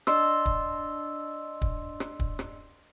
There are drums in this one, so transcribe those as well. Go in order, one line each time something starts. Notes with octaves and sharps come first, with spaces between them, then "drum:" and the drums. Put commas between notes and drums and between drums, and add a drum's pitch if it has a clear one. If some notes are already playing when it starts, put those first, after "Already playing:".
D4 D5 D#5 C6 E6, drum: rim click
drum: kick
drum: kick
drum: rim click
drum: kick
drum: rim click